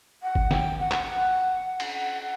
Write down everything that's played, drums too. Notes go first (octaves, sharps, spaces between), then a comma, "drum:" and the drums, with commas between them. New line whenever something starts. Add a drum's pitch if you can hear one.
F#5
drum: kick G1
G5, drum: snare
F#5
drum: clap
drum: cymbal
F#5